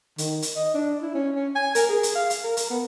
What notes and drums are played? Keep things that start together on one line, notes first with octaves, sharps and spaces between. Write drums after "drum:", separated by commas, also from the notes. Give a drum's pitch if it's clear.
D#3, drum: hi-hat
drum: hi-hat
D#5
D4
E4
C#4
C#4
G#5
A#4, drum: hi-hat
G#4
drum: hi-hat
F5
drum: hi-hat
A#4
drum: hi-hat
B3